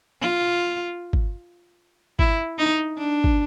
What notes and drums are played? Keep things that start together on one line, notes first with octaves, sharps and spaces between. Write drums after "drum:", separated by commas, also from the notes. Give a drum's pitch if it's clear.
F4
drum: kick
E4, drum: kick
D#4
D4
drum: kick